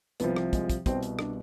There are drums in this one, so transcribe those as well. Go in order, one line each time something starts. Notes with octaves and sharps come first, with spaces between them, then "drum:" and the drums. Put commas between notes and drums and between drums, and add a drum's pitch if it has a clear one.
C2 C3 F3 B3, drum: hi-hat
drum: rim click
G#3, drum: kick, hi-hat
drum: kick, hi-hat
C2 B2 C4, drum: kick, hi-hat
drum: hi-hat
D4, drum: rim click